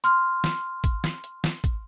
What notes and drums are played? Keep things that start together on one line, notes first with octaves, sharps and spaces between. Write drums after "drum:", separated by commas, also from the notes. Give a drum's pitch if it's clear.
C6 F6, drum: hi-hat
drum: snare
drum: kick A1, hi-hat
drum: snare
drum: hi-hat
drum: snare
drum: kick A1, hi-hat